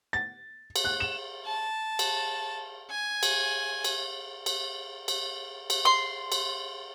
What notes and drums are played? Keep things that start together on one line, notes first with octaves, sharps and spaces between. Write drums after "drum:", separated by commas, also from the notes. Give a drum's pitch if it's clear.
A6
drum: cymbal
F#6
E7
A5
drum: cymbal
G#5
drum: cymbal
drum: cymbal
drum: cymbal
drum: cymbal
drum: cymbal
C6
drum: cymbal